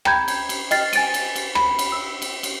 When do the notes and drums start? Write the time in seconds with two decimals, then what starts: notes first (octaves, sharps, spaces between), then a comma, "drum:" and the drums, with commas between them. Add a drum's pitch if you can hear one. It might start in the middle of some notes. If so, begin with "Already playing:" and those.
0.05 G5 A#5 B5 G6 G#6, drum: rim click
0.28 drum: cymbal
0.49 drum: cymbal
0.71 D#5 G5 F6 A6 C7, drum: cymbal
0.93 G#5 A6 D7 D#7, drum: cymbal
1.14 drum: cymbal
1.36 drum: cymbal
1.55 B5, drum: rim click
1.79 drum: cymbal
1.92 E6
2.22 drum: cymbal
2.43 drum: cymbal